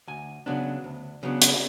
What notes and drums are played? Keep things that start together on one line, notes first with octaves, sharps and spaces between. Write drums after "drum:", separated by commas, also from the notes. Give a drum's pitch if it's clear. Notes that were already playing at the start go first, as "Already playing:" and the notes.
D2 G#5
C#3 F#3 B3 D4
D2
C#3 F#3 B3 D4
drum: hi-hat